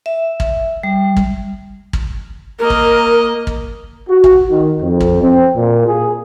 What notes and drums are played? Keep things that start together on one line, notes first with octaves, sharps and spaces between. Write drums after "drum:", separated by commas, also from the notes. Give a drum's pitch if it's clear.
E5
drum: kick
G3
drum: kick
drum: kick
A#3 A#4 D#5
drum: kick
drum: kick
F#4
drum: kick
D#3
F2
drum: kick
C4
A#2
G#4